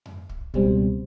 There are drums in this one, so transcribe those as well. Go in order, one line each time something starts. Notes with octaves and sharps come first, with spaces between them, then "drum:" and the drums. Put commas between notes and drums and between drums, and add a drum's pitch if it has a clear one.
drum: tom F2
drum: kick
C#2 B2 G3 C4, drum: kick